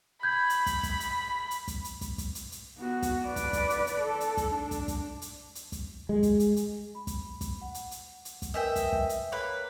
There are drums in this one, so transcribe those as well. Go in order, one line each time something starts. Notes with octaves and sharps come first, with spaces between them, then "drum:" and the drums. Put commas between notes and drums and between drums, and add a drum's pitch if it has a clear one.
B5 G6 G#6
drum: hi-hat
drum: kick, hi-hat
drum: kick, hi-hat
drum: hi-hat
drum: hi-hat
drum: kick, hi-hat
drum: hi-hat
drum: kick, hi-hat
drum: kick, hi-hat
drum: hi-hat
drum: hi-hat
B3 F#4
drum: kick, hi-hat
B4 D5
drum: kick, hi-hat
drum: kick, hi-hat
drum: hi-hat
drum: hi-hat
A4
drum: hi-hat
drum: kick, hi-hat
D4
drum: kick, hi-hat
drum: kick, hi-hat
drum: hi-hat
drum: hi-hat
drum: kick, hi-hat
G#3
drum: kick, hi-hat
drum: hi-hat
drum: hi-hat
B5
drum: kick, hi-hat
drum: kick, hi-hat
F#5
drum: hi-hat
drum: hi-hat
drum: hi-hat
drum: kick, hi-hat
A#4 B4 D#5 E5 G5 G#5
drum: kick, hi-hat
drum: kick
drum: hi-hat
A#3 B4 C#5